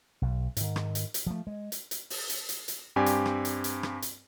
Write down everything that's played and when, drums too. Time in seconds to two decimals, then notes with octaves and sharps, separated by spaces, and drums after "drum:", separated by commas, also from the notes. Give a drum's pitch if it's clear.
0.22 B1
0.57 G#2 D#3, drum: hi-hat
0.76 drum: rim click
0.95 drum: hi-hat
1.14 drum: hi-hat
1.27 F3 A3
1.47 G#3
1.72 drum: hi-hat
1.91 drum: hi-hat
2.10 drum: open hi-hat
2.29 drum: hi-hat
2.49 drum: hi-hat
2.68 drum: hi-hat
2.96 G2 C4 G4 D5 G#5
3.06 drum: hi-hat
3.26 drum: rim click
3.45 drum: hi-hat
3.64 drum: hi-hat
3.83 drum: rim click
4.02 drum: hi-hat